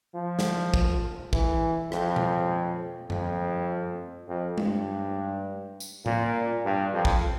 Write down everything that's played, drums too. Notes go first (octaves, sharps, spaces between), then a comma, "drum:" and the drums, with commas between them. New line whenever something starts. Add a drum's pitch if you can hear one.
F3
drum: snare
drum: kick
E3, drum: kick
F2, drum: rim click
drum: tom A#2
F2, drum: tom F#2
F2
G2, drum: tom G#3
drum: tambourine
A#2, drum: tom A2
G2
F2
drum: kick